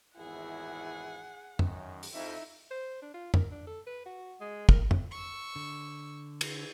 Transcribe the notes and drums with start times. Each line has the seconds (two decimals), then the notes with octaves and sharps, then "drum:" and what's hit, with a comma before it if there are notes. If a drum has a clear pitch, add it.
0.17 G#1 E2 E4 G#4 F#5
1.59 F#2 D#3, drum: tom
2.03 drum: open hi-hat
2.14 F2 D#4 E4 E5
2.71 C5
3.02 D4
3.14 F4
3.34 A#4, drum: tom
3.51 D4
3.67 A4
3.87 B4
4.06 F#4
4.41 G#3
4.69 A#4, drum: kick
4.91 drum: tom
5.11 C#6 E6
5.56 D3
6.41 drum: cymbal